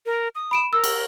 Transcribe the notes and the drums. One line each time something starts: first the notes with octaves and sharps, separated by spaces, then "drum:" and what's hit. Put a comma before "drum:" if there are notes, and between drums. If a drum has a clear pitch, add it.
A#4
D#6
B5 D7 E7
A#4 E6
drum: cymbal